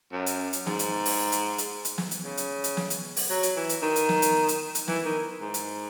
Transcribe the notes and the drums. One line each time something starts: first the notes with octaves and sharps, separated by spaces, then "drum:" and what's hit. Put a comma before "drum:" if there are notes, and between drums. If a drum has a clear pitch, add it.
F#2
drum: hi-hat
drum: hi-hat
G#2, drum: snare
drum: hi-hat
drum: open hi-hat
drum: hi-hat
drum: hi-hat
drum: hi-hat
drum: snare
drum: hi-hat
C#3
drum: hi-hat
drum: hi-hat
drum: snare
drum: hi-hat
drum: open hi-hat
F#3
drum: hi-hat
E3
drum: hi-hat
D#3
drum: hi-hat
drum: snare
drum: hi-hat
drum: hi-hat
drum: hi-hat
E3, drum: snare
D#3
G#2
drum: hi-hat